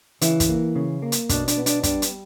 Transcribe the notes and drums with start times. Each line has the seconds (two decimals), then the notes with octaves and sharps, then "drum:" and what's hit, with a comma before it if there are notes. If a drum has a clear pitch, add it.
0.21 C#3 E3 E4, drum: hi-hat
0.40 drum: kick, hi-hat
0.49 A#3
0.76 C#3
1.02 A#3
1.12 drum: hi-hat
1.29 B2 D4, drum: kick, hi-hat
1.48 D4, drum: hi-hat
1.58 B3
1.66 D4, drum: hi-hat
1.83 G3 D4, drum: kick, hi-hat
2.02 drum: hi-hat